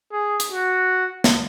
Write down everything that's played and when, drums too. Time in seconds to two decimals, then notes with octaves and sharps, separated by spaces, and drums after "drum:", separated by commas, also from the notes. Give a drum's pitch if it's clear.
0.12 G#4
0.40 drum: hi-hat
0.51 F#4
1.24 drum: snare